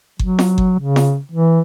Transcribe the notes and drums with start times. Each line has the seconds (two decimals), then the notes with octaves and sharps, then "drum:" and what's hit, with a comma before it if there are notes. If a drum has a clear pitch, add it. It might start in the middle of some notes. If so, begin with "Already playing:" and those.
0.19 F#3, drum: kick G1
0.39 drum: snare
0.58 drum: kick G1
0.79 C#3
0.96 drum: snare
1.32 E3